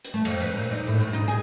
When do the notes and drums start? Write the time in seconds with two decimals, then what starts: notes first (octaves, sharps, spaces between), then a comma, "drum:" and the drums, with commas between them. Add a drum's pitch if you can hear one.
0.05 drum: hi-hat
0.14 A3
0.25 F2, drum: cymbal
0.41 B4
0.56 A#2
0.71 D#4
0.87 A2
1.01 A2
1.13 D#4
1.28 G#4